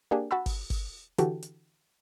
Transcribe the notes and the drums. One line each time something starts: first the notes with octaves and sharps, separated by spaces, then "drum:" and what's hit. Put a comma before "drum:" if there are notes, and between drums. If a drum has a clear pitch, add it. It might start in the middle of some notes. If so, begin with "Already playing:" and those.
A#3 D4 G4 G#4
F#4 F#5 A5 B5 E6
drum: kick G1, open hi-hat
drum: kick G1, open hi-hat
D3 E3 F#4 G4 A4, drum: hi-hat
drum: hi-hat